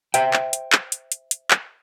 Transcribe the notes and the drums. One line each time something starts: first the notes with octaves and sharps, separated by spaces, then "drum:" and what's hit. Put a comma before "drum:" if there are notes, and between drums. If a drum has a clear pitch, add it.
C5 E5 G5, drum: hi-hat
drum: clap
drum: hi-hat
drum: clap
drum: hi-hat
drum: hi-hat
drum: hi-hat
drum: clap